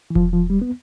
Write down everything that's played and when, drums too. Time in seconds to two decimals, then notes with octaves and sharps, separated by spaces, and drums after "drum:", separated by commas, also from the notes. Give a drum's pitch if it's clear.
0.10 E3
0.15 F3, drum: kick E1
0.33 F3
0.50 G3
0.62 B3